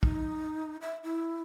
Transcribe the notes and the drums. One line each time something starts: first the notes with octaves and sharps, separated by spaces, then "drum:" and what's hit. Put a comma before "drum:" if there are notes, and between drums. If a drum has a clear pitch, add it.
D#4, drum: kick
E5
E4